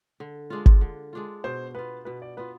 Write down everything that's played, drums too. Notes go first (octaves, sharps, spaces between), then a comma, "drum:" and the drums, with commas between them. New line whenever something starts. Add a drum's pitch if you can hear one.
D3
G#3 D4 F4
drum: kick G1
D3
G#3 D4 F4
B2 C5
B3 F4 B4
B2 B4
D5
B3 F4 B4